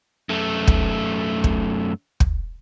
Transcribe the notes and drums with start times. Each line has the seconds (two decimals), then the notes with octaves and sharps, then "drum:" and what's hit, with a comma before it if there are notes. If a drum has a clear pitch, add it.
0.29 F#2 A3
0.67 drum: kick
1.44 drum: kick
2.20 drum: kick